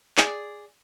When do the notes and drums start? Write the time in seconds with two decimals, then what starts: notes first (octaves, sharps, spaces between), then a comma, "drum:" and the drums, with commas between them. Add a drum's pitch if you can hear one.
0.18 G#4 D5, drum: clap